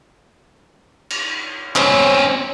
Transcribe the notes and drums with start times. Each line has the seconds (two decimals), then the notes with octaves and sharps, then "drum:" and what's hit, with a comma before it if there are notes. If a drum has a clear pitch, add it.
1.10 drum: cymbal
1.76 C4 C#4, drum: clap